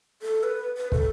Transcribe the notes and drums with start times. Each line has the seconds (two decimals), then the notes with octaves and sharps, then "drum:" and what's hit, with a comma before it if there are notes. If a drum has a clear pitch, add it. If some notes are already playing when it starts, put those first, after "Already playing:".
0.22 A4
0.43 B4
0.77 B4
0.92 A4, drum: kick